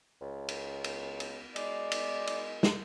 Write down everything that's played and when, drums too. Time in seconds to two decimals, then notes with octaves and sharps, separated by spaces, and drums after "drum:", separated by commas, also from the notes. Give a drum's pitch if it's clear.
0.21 C#2
0.49 drum: cymbal
0.84 drum: cymbal
1.20 drum: cymbal
1.56 G#3 D5, drum: cymbal
1.92 drum: cymbal
2.27 drum: cymbal
2.63 drum: snare